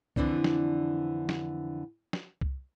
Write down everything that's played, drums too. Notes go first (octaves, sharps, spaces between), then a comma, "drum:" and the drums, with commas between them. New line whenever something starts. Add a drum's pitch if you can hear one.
F2 D3 E3 C4 D4, drum: kick C2
drum: snare
drum: snare
drum: snare
drum: kick C2